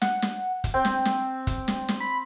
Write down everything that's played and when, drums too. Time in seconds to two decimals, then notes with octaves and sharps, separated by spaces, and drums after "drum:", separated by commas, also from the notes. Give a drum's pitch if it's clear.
0.02 F#5, drum: snare
0.22 drum: snare
0.64 drum: kick, hi-hat
0.74 C4 G5
0.85 drum: snare
1.05 drum: snare
1.47 drum: kick, hi-hat
1.68 drum: snare
1.88 drum: snare
2.00 B5